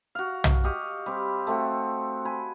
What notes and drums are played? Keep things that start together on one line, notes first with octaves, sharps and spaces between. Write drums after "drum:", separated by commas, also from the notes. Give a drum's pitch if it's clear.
F#4 F5
drum: tom B1
G4 D#5 F5 C#6
G3 C4
A3 C4 F#4
G#5 B5